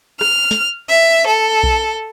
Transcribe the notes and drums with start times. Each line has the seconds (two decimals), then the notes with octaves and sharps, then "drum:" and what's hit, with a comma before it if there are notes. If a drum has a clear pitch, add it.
0.21 F6, drum: rim click
0.51 drum: snare
0.89 E5
1.27 A4
1.63 drum: kick B1